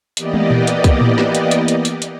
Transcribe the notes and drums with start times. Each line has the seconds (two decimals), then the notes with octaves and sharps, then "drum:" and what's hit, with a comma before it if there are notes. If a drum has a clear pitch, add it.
0.17 E3 A#3 B3 G4 D5 D#5, drum: hi-hat
0.34 drum: tom
0.51 drum: tom A#2
0.67 drum: hi-hat
0.84 drum: kick, hi-hat
1.01 drum: tom A2
1.18 drum: snare
1.35 drum: hi-hat
1.51 drum: hi-hat
1.68 drum: hi-hat
1.85 drum: hi-hat
2.02 drum: hi-hat